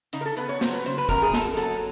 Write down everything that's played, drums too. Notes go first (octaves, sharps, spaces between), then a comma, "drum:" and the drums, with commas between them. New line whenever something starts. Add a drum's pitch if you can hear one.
C#3 D#4, drum: hi-hat
A#4
A4
B3 B4, drum: hi-hat
C#5
F#3 C5, drum: snare
B4
C#3 C5, drum: hi-hat
B4
F#2 A#4, drum: kick, open hi-hat
G#4
F#2 A4, drum: snare
F#3 A4, drum: hi-hat